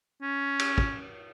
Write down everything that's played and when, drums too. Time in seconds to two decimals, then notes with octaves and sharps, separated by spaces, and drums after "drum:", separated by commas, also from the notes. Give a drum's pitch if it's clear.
0.22 C#4
0.60 drum: cymbal
0.78 drum: kick